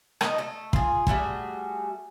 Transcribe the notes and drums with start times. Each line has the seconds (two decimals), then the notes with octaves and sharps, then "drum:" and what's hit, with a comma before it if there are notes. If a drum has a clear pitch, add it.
0.21 D#4 D#5, drum: rim click
0.38 A3 A4
0.73 F4 G#4, drum: kick
1.07 G3 A3 F#4 G#4, drum: kick